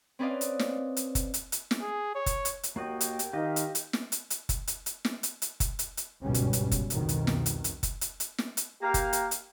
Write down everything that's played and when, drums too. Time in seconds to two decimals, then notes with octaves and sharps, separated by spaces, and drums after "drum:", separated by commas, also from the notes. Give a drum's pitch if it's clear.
0.19 C4 C#4 B4 D5 D#5 F5
0.41 drum: hi-hat
0.59 drum: snare
0.97 drum: hi-hat
1.15 drum: kick, hi-hat
1.34 drum: hi-hat
1.52 drum: hi-hat
1.71 drum: snare
1.81 G#4
2.15 C#5
2.26 drum: kick, hi-hat
2.45 drum: hi-hat
2.63 drum: hi-hat
2.76 D#2 A#3 F#4 D#5 G5
3.01 drum: hi-hat
3.19 drum: hi-hat
3.33 D#3 G4 D#5 F5
3.56 drum: hi-hat
3.75 drum: hi-hat
3.93 drum: snare
4.12 drum: hi-hat
4.30 drum: hi-hat
4.49 drum: kick, hi-hat
4.67 drum: hi-hat
4.86 drum: hi-hat
5.05 drum: snare
5.23 drum: hi-hat
5.42 drum: hi-hat
5.60 drum: kick, hi-hat
5.79 drum: hi-hat
5.97 drum: hi-hat
6.21 G1 C#2 G#2 B2 G3 C#4
6.34 drum: hi-hat
6.53 drum: hi-hat
6.71 drum: kick, hi-hat
6.90 C2 F2 B2 D#3, drum: hi-hat
7.09 drum: hi-hat
7.27 drum: snare
7.46 drum: hi-hat
7.64 drum: hi-hat
7.83 drum: kick, hi-hat
8.01 drum: hi-hat
8.20 drum: hi-hat
8.38 drum: snare
8.57 drum: hi-hat
8.82 A#3 G4 A#4 F5
8.94 drum: kick, hi-hat
9.13 drum: hi-hat
9.31 drum: hi-hat